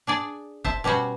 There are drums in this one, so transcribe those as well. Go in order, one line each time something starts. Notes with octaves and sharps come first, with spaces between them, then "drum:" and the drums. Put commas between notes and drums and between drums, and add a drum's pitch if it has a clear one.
D4 G#4 D5
C5 E5 A5, drum: kick
B2 G3 C#4 F#4 C5